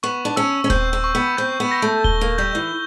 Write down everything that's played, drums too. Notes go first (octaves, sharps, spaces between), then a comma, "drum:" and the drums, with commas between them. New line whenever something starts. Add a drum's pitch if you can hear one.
B3 C#6
D4
C#4 E6
C#4
C4 G6, drum: kick D#1
C4
C#6
B3
C4 G6
B3
A#6
A3
G7, drum: kick D#1
A#3
G3 G6
E3